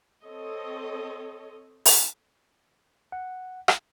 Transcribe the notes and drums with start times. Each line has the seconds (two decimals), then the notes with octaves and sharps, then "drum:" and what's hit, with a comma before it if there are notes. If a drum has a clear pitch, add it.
0.23 C4 A4 C#5 D#5
1.85 drum: open hi-hat
3.12 F#5
3.68 drum: rim click